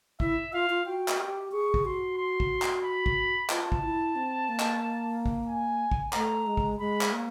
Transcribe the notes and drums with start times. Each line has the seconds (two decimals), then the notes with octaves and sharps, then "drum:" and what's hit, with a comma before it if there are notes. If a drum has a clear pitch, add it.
0.20 E4 E5, drum: kick
0.53 F4 F5
0.70 F4
0.86 F#4 G5
1.08 drum: clap
1.19 G4
1.52 G#4 C#6
1.74 drum: kick
1.85 F#4 C6
2.18 C6
2.40 drum: kick
2.62 drum: clap
2.84 B5
3.06 drum: kick
3.50 F4 A5, drum: clap
3.72 drum: kick
3.83 E4
4.16 C4
4.49 A#3
4.60 drum: clap
5.26 drum: kick
5.48 G#5
5.92 drum: kick
6.13 A3 A#5, drum: clap
6.46 G#3
6.57 drum: kick
6.79 G#3 B5
7.01 drum: clap
7.12 A#3